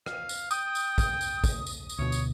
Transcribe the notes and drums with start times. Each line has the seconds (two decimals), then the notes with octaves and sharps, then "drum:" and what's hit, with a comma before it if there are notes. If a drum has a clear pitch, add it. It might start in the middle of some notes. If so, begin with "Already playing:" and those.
0.06 F5, drum: rim click
0.29 drum: tambourine
0.51 G5 D#6, drum: tambourine
0.75 drum: tambourine
0.98 drum: kick, tambourine
1.21 drum: tambourine
1.44 drum: kick, tambourine
1.67 drum: tambourine
1.89 drum: tambourine
1.99 D2 B2 C#5
2.12 drum: tambourine